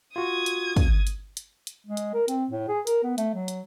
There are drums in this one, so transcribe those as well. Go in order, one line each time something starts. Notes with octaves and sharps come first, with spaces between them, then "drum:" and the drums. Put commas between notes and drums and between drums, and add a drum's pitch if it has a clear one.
F4 F#4 D#6 G#6
drum: hi-hat
drum: kick, open hi-hat
drum: hi-hat
drum: hi-hat
drum: hi-hat
G#3
drum: hi-hat
A#4
C4, drum: hi-hat
A2
G#4
A#4, drum: hi-hat
B3
A3, drum: hi-hat
F#3
drum: hi-hat